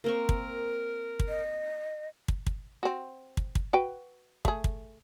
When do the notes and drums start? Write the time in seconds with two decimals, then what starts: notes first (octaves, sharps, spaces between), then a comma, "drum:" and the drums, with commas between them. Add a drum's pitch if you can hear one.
0.04 A#3 C4 A#4 C#6
0.29 drum: kick
1.20 drum: kick
1.29 D#5
2.28 drum: kick
2.46 drum: kick
2.83 C4 F#4
3.37 drum: kick
3.55 drum: kick
3.73 F#4 B4 G5
4.45 A3 G#4, drum: kick
4.64 drum: kick